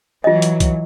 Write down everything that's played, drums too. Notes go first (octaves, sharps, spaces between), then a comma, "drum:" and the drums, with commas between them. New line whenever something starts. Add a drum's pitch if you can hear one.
E3 F#3 F4 D#5
drum: hi-hat
drum: kick, hi-hat